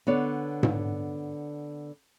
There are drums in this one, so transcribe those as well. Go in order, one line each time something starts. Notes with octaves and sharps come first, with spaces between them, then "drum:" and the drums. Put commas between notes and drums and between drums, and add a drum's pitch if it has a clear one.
D3 B3 C#5 D5
drum: tom G#2